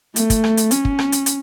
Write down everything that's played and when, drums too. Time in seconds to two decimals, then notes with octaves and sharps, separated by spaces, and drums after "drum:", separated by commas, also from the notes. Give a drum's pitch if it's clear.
0.16 A3, drum: hi-hat
0.30 drum: kick, hi-hat
0.44 drum: rim click
0.57 drum: hi-hat
0.71 C#4, drum: hi-hat
0.85 drum: kick
0.99 drum: rim click
1.12 drum: hi-hat
1.26 drum: hi-hat